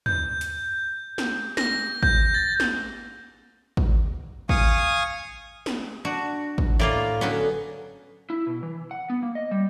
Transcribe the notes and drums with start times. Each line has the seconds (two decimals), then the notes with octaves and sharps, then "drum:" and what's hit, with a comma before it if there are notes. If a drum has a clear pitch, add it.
0.06 G6, drum: tom
0.41 drum: hi-hat
1.18 drum: snare
1.57 A#6, drum: snare
2.03 G6, drum: kick
2.34 A6
2.60 drum: snare
3.77 drum: kick
4.49 F5 G#5 C#6 D#6, drum: kick
5.66 drum: snare
6.05 D4 F#4
6.58 drum: kick
6.79 A2 A#3 F4 D5
7.21 D3 F#3 B3 C#4
8.30 E4
8.47 B2
8.63 E3
8.91 F#5
9.10 B3
9.23 A#3
9.35 D#5
9.51 G3